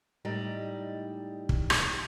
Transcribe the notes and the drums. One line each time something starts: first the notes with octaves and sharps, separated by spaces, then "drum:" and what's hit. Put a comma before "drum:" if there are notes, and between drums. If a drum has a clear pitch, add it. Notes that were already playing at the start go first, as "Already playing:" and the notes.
A2 G3 G#3 D#4 D5
drum: kick
drum: rim click